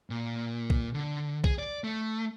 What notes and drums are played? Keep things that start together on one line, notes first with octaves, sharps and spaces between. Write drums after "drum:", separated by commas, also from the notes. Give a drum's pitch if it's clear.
A#2
drum: kick B1
D3
G#4, drum: kick B1
D5
A3